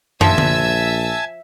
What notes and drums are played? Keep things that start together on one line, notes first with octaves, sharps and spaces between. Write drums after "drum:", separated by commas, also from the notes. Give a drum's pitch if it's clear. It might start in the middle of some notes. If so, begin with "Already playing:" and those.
A#1 F3 E5 G#5 A5 E6 G#6, drum: tom
drum: tom D3